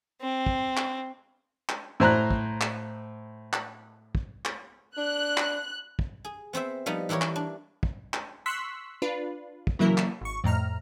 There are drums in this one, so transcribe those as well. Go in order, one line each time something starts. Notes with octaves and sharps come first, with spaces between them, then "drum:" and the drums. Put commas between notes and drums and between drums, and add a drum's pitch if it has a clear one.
C4
drum: kick
drum: clap
drum: clap
A2 C5 A#5 F#6
drum: kick
drum: clap
drum: clap
drum: kick
drum: clap
D4 F#6
drum: clap
drum: kick
G#4
B3 C4 C5 E5
F3 G3 B3 D#4
E3 E4 G4 A#4 C#5
drum: clap
D4
drum: kick
drum: clap
C6 C#6 E6 F#6 B6
D4 F4 B4
drum: kick
C#3 E3 F#3 A#3 E4 A#4
drum: clap
G#1 C#6
F2 A2 A#5 F6